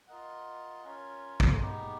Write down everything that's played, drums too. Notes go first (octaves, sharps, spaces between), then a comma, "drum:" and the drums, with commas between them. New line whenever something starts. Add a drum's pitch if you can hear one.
F4 A#4 D#5 F#5
C#4 F4 A#4 C#5
drum: kick
G#3 B3 D#4 G4